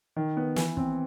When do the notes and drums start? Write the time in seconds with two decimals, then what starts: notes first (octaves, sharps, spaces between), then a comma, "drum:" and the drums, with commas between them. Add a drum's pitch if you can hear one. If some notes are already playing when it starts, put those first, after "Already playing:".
0.16 D#3
0.37 B3
0.56 E3, drum: snare
0.77 C4, drum: kick